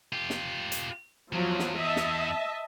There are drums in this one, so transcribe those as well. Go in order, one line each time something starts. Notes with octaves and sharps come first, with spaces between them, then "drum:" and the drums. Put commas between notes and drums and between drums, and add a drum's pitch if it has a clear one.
F4 G4
drum: snare
drum: hi-hat
E2 F3 F#3
drum: snare
D#5 E5 A5
drum: snare